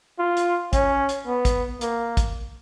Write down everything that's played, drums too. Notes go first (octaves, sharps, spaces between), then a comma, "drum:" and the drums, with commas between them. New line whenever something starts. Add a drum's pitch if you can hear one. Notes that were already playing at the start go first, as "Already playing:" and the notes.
F4
drum: hi-hat
C#4, drum: kick, hi-hat
drum: hi-hat
B3
drum: kick, hi-hat
A#3, drum: hi-hat
drum: kick, hi-hat